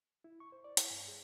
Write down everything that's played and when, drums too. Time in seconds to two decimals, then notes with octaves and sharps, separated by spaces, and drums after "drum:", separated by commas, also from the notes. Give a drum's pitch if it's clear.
0.24 E4
0.40 C#6
0.52 C5
0.64 D5
0.77 E4, drum: hi-hat
0.91 G2
1.08 G#4